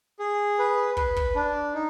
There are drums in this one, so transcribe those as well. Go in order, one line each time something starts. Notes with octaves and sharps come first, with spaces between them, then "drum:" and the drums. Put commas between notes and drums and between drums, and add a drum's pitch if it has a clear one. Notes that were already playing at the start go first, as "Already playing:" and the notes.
G#4
B4
B4, drum: kick
drum: kick
D4
D#4